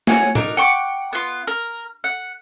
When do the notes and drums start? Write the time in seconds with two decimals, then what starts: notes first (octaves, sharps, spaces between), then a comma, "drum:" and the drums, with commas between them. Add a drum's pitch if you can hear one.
0.07 F#4 C#5 F#5 G#5, drum: snare
0.35 D4 D#4 A#4, drum: tom
0.57 F#5 G5 C#6 D6
1.13 B3 F4
1.47 A#4, drum: hi-hat
2.04 F#5